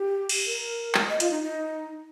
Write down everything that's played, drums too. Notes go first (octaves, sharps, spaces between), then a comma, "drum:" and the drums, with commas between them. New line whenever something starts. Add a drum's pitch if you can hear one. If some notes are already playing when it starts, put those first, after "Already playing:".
Already playing: G4
drum: cymbal
A#4
drum: clap
D#5
F4, drum: hi-hat
D#4
D#4